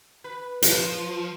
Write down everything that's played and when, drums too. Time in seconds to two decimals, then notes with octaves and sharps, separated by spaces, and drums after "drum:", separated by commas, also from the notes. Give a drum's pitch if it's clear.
0.24 B4
0.62 F3, drum: hi-hat